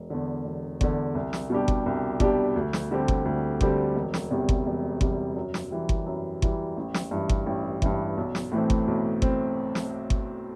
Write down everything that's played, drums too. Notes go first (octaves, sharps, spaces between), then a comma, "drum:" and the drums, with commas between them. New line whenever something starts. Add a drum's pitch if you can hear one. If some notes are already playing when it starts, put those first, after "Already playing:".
Already playing: E1
E2 D3
E1
E2 D3, drum: kick G1
C2
drum: snare
B2 G3 D4 G4
drum: kick G1
C2
B2 G3 D4 G4, drum: kick G1
D2
drum: snare
D3 G3 C4 G4
drum: kick G1
D2
D3 G3 C4 G4, drum: kick G1
E1
drum: snare
E2 C3 G3
drum: kick G1
E1
E2 C3 G3, drum: kick G1
F#2
drum: snare
E3 G3
drum: kick G1
F#2
E3 G3, drum: kick G1
A1
drum: snare
G2 E3
drum: kick G1
A1
G2 E3, drum: kick G1
B1
drum: snare
A2 E3 A3 C4
drum: kick G1
B1
C4, drum: kick G1
drum: snare
drum: kick G1